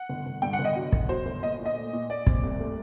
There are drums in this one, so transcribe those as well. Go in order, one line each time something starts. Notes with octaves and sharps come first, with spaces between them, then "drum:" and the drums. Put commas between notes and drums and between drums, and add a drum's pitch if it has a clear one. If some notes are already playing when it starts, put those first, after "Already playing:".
Already playing: F#5
G1
G1
G2 G5
F#5
G1
D#5
F#3
G1, drum: kick
F#3 C5
G1
A#2 D#5
A#2
D#5
A3
A#2
A#2 D5
C4, drum: kick
C2
A3